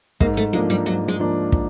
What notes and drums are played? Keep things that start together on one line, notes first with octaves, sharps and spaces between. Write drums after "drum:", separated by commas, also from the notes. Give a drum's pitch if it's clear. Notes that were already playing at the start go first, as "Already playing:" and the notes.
G#2 A#3, drum: kick
A3
F3 G#3 A#3 D4
G3
G#2 F#3
G#3
F3 A#3 D4
drum: kick